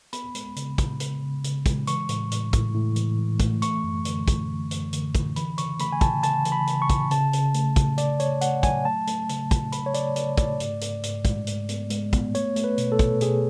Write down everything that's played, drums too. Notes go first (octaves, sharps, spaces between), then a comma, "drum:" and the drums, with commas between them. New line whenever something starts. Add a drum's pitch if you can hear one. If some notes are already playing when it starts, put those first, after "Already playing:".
B3 B5, drum: hi-hat
G#3, drum: hi-hat
C#3, drum: hi-hat
C#3, drum: kick, hi-hat
C#3, drum: hi-hat
C#3
C#3, drum: hi-hat
G#3, drum: kick, hi-hat
E3 C#6, drum: hi-hat
A2, drum: hi-hat
A2, drum: hi-hat
A2, drum: kick, hi-hat
A2
E3, drum: hi-hat
E3
A3, drum: kick, hi-hat
A3 C#6, drum: hi-hat
F#2
D3, drum: hi-hat
A3, drum: kick, hi-hat
D3
F#2, drum: hi-hat
D3, drum: hi-hat
D3, drum: kick, hi-hat
E3 B5, drum: hi-hat
C#3 C#6, drum: hi-hat
A3 B5, drum: hi-hat
G#5
C#3 A5, drum: kick, hi-hat
C#3 A5, drum: hi-hat
E3, drum: hi-hat
B5
C#3, drum: hi-hat
C#6
C#3, drum: kick, hi-hat
C#3 A5, drum: hi-hat
C#3, drum: hi-hat
A3, drum: hi-hat
C#3, drum: kick, hi-hat
C#3 D5, drum: hi-hat
C#3 C#5, drum: hi-hat
A3 F#5, drum: hi-hat
F#3 G#5, drum: kick, hi-hat
A3 A5
A3, drum: hi-hat
C#3, drum: hi-hat
C#3, drum: kick, hi-hat
C#3 B5, drum: hi-hat
C#5
C#3 D5, drum: hi-hat
C#3 D5, drum: hi-hat
A3 D5, drum: kick, hi-hat
G#2, drum: hi-hat
G#2, drum: hi-hat
G#2, drum: hi-hat
G#3, drum: kick, hi-hat
G#2, drum: hi-hat
B3, drum: hi-hat
G#3, drum: hi-hat
B3, drum: kick, hi-hat
A3 C#5, drum: hi-hat
A3, drum: hi-hat
B4
B2, drum: hi-hat
A4
B2, drum: kick, hi-hat
B2 G#4, drum: hi-hat